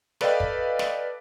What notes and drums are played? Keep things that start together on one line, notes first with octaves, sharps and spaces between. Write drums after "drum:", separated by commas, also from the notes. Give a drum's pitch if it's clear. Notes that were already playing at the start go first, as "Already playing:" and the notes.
A4 B4 D5 D#5 F5 G5, drum: snare
drum: kick
drum: snare